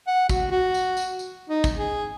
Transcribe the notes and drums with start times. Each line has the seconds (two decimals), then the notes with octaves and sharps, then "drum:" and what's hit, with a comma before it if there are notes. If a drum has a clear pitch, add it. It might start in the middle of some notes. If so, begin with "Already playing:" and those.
0.07 F#5
0.29 F#4, drum: kick, tambourine
0.51 F#4
0.74 drum: tambourine
0.97 drum: tambourine
1.19 drum: tambourine
1.49 D#4
1.64 drum: kick, tambourine
1.77 G#4